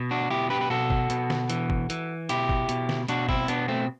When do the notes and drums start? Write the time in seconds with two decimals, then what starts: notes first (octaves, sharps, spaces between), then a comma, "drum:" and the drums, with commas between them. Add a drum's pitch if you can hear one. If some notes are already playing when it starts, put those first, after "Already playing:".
Already playing: B2
0.11 D4 F#4
0.30 B2 E4 G4
0.50 G4 B4
0.61 B4
0.70 B2 F#4 A4
0.90 drum: kick
1.10 B2, drum: hi-hat
1.30 drum: snare
1.50 E3, drum: hi-hat
1.70 drum: kick
1.90 E3, drum: hi-hat
2.29 B2 E4 G4, drum: hi-hat
2.49 drum: kick
2.69 B2, drum: hi-hat
2.89 drum: snare
3.09 B2 D4 F#4, drum: hi-hat
3.29 C4 E4, drum: kick
3.48 B2 B3 D4, drum: hi-hat
3.68 A3 C4